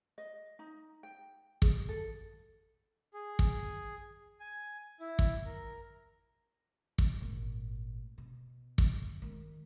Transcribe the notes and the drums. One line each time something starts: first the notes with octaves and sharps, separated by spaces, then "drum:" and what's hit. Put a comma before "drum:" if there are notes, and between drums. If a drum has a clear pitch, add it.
D#5
D#4
G5
G#4, drum: kick
A4
G#4
drum: kick
G#5
E4
drum: kick
A#4
drum: kick
G#1 A#2
B2
drum: kick
D#3 G#3